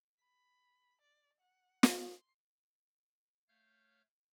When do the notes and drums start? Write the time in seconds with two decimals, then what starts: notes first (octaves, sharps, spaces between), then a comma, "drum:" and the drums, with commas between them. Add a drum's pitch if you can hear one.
0.21 B5
1.01 D5
1.41 F#5
1.83 drum: snare
1.98 C6
3.49 A3 C#5 F5 F6 G6